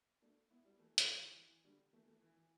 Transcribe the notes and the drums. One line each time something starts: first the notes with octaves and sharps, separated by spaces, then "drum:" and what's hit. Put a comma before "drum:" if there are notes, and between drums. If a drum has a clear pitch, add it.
A3 D4
B3 E4
G3 B3
E3 A3
D3 G3, drum: hi-hat
G3
E3
E3
D3 G3
E3 A3
E3 A3
E3
E3